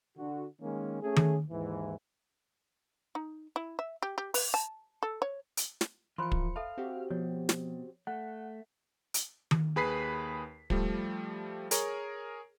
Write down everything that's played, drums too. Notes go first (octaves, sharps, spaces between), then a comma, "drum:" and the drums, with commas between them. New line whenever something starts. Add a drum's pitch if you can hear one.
D3 F#4
D#3 G#3 A#3 C#4
A3 C#4 G#4
drum: tom D#3
D#2 G#2 E3
D#4
E4
E5
G4
G4
B4, drum: open hi-hat
A5
A4
C#5
drum: hi-hat
drum: snare
E3 F3 F4 A#4 C5 B5 C6 C#7
drum: kick
A4 E5 F5 A5
C4 F#4 G4
B2 F3 C#5
drum: snare
A3 F#5
drum: hi-hat
drum: tom D#3
D#2 G#4 B4 B5 B6 C7
F3 G3 A3, drum: kick
G#4 A#4 C#5, drum: hi-hat